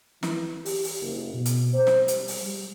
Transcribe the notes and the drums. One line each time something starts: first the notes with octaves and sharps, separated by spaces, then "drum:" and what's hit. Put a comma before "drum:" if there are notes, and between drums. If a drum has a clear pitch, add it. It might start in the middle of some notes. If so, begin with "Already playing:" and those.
E3, drum: snare
G4, drum: open hi-hat
drum: open hi-hat
F#1
B2
drum: hi-hat
C5
drum: snare
G3, drum: hi-hat
drum: open hi-hat
G3